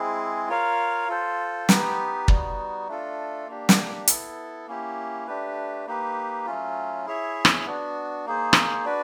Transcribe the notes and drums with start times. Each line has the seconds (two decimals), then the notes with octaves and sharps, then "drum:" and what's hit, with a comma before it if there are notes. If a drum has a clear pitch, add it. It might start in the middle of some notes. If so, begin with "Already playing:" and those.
Already playing: G#3 C4 E4 G#4
0.49 F4 A#4 C#5 F5
1.09 F4 A4 C5
1.69 B3 D#4 G4 B4, drum: snare
2.28 G3 B3 D#4 F#4, drum: kick
2.88 A3 D4 F4 A4
3.47 A#3 D4 G4
3.69 drum: snare
4.08 B3 E4 A4, drum: hi-hat
4.67 A#3 C#4 E4 G4
5.27 A3 D4 G4 B4
5.87 A#3 D#4 G4 B4
6.46 F#3 A3 C#4 F4
7.06 E4 G#4 C#5 E5
7.45 drum: rim click
7.66 B3 D4 F#4
8.26 A#3 D#4 G#4 C5
8.53 drum: rim click
8.85 D4 F#4 B4 D5